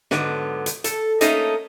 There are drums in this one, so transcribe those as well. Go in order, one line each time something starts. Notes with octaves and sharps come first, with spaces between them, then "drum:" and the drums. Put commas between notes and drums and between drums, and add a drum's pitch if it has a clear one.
G#2 D3 F#3 B3, drum: snare
drum: hi-hat
A4, drum: hi-hat
A3 A#3 C#4 D#4 A4 D#5, drum: hi-hat